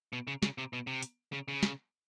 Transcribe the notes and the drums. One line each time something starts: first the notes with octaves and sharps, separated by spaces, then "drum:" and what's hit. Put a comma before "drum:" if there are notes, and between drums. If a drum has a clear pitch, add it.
B2
C#3
C#3, drum: snare
C3
B2
C3
drum: hi-hat
C#3
C#3
drum: snare